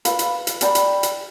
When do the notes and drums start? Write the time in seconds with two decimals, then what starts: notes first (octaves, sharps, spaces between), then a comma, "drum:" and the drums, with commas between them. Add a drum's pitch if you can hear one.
0.05 F4 B4 F5 B5, drum: hi-hat
0.19 drum: hi-hat
0.47 drum: hi-hat
0.61 G4 D5 G5 B5, drum: hi-hat
0.75 drum: hi-hat
1.03 drum: hi-hat